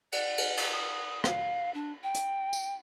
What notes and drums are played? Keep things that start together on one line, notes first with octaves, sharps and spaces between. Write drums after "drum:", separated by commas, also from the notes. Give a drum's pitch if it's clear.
D5, drum: cymbal
drum: cymbal
drum: cymbal
D#6
F5, drum: rim click
D4
G5
drum: hi-hat
drum: tambourine